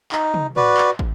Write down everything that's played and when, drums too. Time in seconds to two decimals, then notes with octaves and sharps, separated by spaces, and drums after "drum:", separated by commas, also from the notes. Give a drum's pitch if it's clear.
0.12 D#4, drum: clap
0.34 drum: tom
0.56 F#4 B4 D5, drum: tom
0.77 drum: clap
0.99 drum: kick